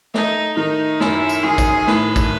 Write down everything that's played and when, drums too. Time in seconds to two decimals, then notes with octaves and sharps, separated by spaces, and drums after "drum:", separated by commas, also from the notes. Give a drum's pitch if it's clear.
0.14 A3 D#4, drum: snare
0.57 D#3 D#4
1.00 F#2 E4, drum: snare
1.29 drum: tambourine
1.43 D#3 G#4
1.58 drum: kick, tambourine
1.87 A2 B4, drum: snare
2.16 drum: kick, tambourine